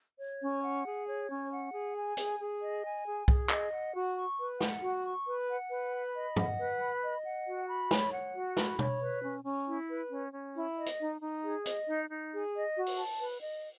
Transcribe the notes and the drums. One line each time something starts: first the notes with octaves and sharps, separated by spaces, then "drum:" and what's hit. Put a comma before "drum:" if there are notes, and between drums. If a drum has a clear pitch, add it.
C#5
C#4
F#5
G#4
C#5
C#4
F#5
G#4
G#5
G#4, drum: hi-hat
G#4
D#5
G#5
G#4
G#4, drum: kick C2
D#5, drum: clap
F#5
F#4
C#6
B4
F#5, drum: snare
F#4
C#6
B4
F#5
B4
B5
D#5
F#5, drum: tom G2
B4
B5
D#5
F#5
F#4
B5
C#5, drum: snare
F#5
F#4
B5, drum: snare
C#5, drum: tom B2
B4
C#4
C#4
E4
B4
C#4
C#4
E4
D#5
drum: hi-hat
D#4
D#4
G#4
D#5, drum: hi-hat
D#4
D#4
G#4
D#5
F#4
drum: open hi-hat
A5
B4
D#5